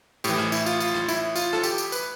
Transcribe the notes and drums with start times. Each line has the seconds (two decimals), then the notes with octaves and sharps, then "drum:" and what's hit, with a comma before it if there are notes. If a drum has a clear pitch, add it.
0.24 A2 E3 G4, drum: tambourine
0.38 drum: rim click
0.52 E4, drum: tambourine
0.66 F4, drum: tambourine
0.80 F4, drum: tambourine
0.94 drum: rim click
1.08 E4, drum: tambourine
1.36 F4, drum: tambourine
1.53 A4, drum: rim click
1.63 G4, drum: tambourine
1.78 drum: tambourine
1.92 B4, drum: tambourine